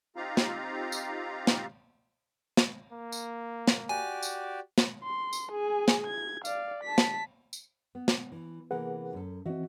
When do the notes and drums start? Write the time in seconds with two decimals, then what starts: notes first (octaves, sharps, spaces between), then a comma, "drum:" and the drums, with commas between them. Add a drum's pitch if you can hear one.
0.16 C4 D#4 F4 G4 F5 A#5
0.37 drum: snare
0.92 drum: tambourine
1.47 drum: snare
2.57 drum: snare
2.92 A#3
3.12 drum: tambourine
3.68 drum: snare
3.89 F#4 G4 D5 G#5
4.23 drum: tambourine
4.78 drum: snare
5.04 C6
5.33 drum: tambourine
5.52 G#4 G#5
5.88 drum: snare
6.07 G#6
6.45 D5 F5, drum: tambourine
6.84 A5 B6
6.98 drum: snare
7.53 drum: tambourine
7.95 B3
8.08 drum: snare
8.32 E3
8.71 C3 E3 A#3 G#4 B4 F#5
9.13 F#2 A4
9.46 E3 C4 F#4 D#5 E5